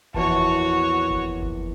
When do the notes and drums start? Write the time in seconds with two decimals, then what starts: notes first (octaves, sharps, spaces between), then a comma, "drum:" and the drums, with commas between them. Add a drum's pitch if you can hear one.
0.14 A#1 E2 F#4 C#5 A5, drum: kick F#1
1.10 drum: kick F#1
1.42 drum: kick F#1